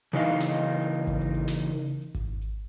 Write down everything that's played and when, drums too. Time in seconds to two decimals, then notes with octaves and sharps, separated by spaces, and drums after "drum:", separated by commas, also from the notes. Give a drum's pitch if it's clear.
0.13 C#3 E3 A#3 D#4 D#5 F5, drum: hi-hat
0.27 drum: hi-hat
0.40 drum: snare
0.54 drum: hi-hat
0.67 drum: hi-hat
0.80 drum: hi-hat
0.94 drum: hi-hat
1.07 drum: kick G#1, hi-hat
1.21 drum: hi-hat
1.34 drum: hi-hat
1.48 drum: snare
1.61 drum: hi-hat
1.74 drum: hi-hat
1.88 drum: hi-hat
2.01 drum: hi-hat
2.15 drum: kick G#1, hi-hat
2.41 drum: hi-hat